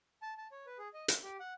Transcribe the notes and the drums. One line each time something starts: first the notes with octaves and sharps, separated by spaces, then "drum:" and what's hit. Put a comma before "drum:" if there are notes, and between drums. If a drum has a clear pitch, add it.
A5
A5
C#5
B4
G#4
D#5
E5, drum: hi-hat
G4
F#5